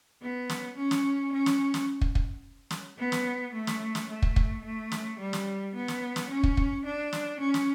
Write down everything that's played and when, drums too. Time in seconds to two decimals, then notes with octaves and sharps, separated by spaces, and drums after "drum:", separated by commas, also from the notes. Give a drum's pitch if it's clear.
0.21 B3
0.50 drum: snare
0.77 C#4
0.91 drum: snare
1.32 C#4
1.46 drum: snare
1.74 drum: snare
2.01 drum: kick
2.15 drum: kick
2.71 drum: snare
2.98 B3
3.12 drum: snare
3.54 A3
3.67 drum: snare
3.95 drum: snare
4.09 A3
4.22 drum: kick
4.36 drum: kick
4.64 A3
4.92 drum: snare
5.19 G3
5.33 drum: snare
5.75 B3
5.88 drum: snare
6.16 drum: snare
6.30 C#4
6.43 drum: kick
6.57 drum: kick
6.85 D4
7.13 drum: snare
7.40 C#4
7.54 drum: snare